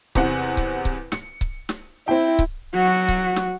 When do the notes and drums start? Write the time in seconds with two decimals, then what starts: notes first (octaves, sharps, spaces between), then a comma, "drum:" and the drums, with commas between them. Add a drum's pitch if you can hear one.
0.15 E2 C3 F#5, drum: kick C#1
0.57 drum: kick C#1
0.85 drum: kick C#1
1.12 C#7, drum: snare
1.41 drum: kick C#1
1.69 drum: snare
2.08 C4 E4 G5
2.39 drum: kick C#1
2.74 F#3 F#4
3.08 drum: kick C#1
3.36 drum: snare